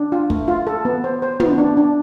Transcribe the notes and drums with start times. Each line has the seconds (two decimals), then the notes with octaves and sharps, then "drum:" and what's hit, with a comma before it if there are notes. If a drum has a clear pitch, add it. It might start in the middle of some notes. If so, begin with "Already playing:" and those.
Already playing: D4
0.12 F4
0.30 A3, drum: kick
0.48 F4
0.67 A4
0.85 B3
1.04 C5
1.22 C5
1.40 B3, drum: tom
1.58 D4
1.77 D4